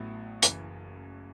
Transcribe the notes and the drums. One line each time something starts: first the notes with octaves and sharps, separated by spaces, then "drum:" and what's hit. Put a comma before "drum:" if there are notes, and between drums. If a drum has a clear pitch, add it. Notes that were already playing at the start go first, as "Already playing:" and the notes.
Already playing: A1 A2 F#3 B3 E4
F#1 F#2 E3, drum: hi-hat